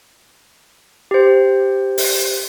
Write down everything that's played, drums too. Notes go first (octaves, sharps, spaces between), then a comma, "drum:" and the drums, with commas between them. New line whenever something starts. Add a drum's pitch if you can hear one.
G4 C5
drum: open hi-hat